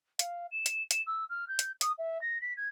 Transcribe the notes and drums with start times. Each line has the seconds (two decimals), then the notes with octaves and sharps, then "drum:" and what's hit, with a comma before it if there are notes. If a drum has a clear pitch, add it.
0.19 F5, drum: hi-hat
0.51 E7
0.66 drum: hi-hat
0.91 E7, drum: hi-hat
1.07 E6
1.29 F6
1.48 G6
1.59 drum: hi-hat
1.81 D#6, drum: hi-hat
1.98 E5
2.21 A#6
2.41 B6
2.57 G#6